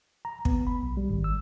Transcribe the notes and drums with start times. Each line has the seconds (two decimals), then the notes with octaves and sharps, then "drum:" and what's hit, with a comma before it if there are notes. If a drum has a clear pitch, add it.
0.25 A#5
0.45 B3, drum: kick
0.67 B5
0.83 B1
0.97 G3
1.10 G#1
1.24 E6